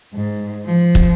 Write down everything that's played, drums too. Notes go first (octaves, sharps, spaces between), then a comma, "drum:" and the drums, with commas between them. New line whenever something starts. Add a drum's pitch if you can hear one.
G#2
F3
drum: kick